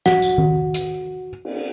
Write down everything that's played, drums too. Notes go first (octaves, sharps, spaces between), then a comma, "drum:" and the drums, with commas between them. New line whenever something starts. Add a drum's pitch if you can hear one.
F#4 F#5, drum: snare
drum: tambourine
drum: tom D#3
drum: hi-hat
drum: cymbal